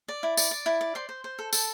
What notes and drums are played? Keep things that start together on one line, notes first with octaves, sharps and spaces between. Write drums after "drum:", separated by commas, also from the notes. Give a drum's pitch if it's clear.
D5
E4
D5, drum: tambourine
D5
E4
D5
C5 C6
C5
C5
A4
A4, drum: tambourine